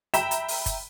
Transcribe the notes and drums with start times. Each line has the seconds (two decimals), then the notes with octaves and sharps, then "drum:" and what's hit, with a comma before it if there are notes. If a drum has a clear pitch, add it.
0.14 E5 G5 A#5 B5 B6 E7, drum: hi-hat
0.31 drum: hi-hat
0.48 drum: open hi-hat
0.66 drum: kick F#1, hi-hat